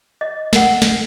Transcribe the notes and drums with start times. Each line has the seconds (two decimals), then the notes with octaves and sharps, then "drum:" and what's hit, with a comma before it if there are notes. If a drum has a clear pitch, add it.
0.21 D#5
0.53 A#4 F#5, drum: snare
0.82 drum: snare